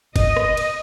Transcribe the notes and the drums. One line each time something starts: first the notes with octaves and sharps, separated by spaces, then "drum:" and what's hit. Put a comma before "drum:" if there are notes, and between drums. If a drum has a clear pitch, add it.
D#5, drum: kick F#1, cymbal
drum: rim click
drum: cymbal